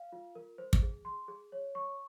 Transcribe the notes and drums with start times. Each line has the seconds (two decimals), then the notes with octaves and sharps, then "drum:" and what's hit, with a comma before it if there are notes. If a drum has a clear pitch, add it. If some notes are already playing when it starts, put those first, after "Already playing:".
Already playing: F5
0.12 F4
0.35 A#4
0.58 C5
0.73 drum: kick
0.82 G#4
1.05 C6
1.28 G#4
1.52 C#5
1.75 C#6